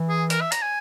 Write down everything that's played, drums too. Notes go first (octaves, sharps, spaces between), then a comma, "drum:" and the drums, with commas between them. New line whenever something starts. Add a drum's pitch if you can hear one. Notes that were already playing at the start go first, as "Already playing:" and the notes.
Already playing: E3
G#4
A#4, drum: hi-hat
E5
A#5, drum: hi-hat
G#5